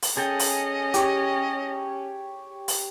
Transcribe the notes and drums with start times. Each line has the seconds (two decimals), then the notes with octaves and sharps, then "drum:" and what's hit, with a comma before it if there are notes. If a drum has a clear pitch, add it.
0.02 drum: open hi-hat
0.17 C#4 G#4 A4 D#5 G5
0.39 drum: open hi-hat
0.94 G4 C#5, drum: hi-hat
2.68 drum: open hi-hat